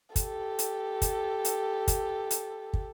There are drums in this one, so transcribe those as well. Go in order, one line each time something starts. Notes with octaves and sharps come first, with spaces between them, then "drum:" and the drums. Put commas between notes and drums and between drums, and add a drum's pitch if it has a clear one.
G4 A4, drum: kick, hi-hat
drum: hi-hat
drum: kick, hi-hat
drum: hi-hat
drum: kick, hi-hat
drum: hi-hat
drum: kick